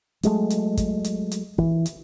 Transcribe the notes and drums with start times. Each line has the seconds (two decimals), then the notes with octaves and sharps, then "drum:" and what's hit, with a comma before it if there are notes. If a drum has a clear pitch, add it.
0.23 F#3 G#3 A3, drum: hi-hat
0.50 drum: hi-hat
0.77 drum: kick, hi-hat
1.04 drum: hi-hat
1.31 drum: hi-hat
1.58 E3, drum: kick
1.86 drum: hi-hat